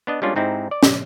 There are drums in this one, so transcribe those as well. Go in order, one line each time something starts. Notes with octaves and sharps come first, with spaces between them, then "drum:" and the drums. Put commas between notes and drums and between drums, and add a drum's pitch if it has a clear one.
B3 D4 D#5
G3 G#3 A#3 C#4 D4 F4
G#2 C4 D#4 E4 G4
D5
drum: snare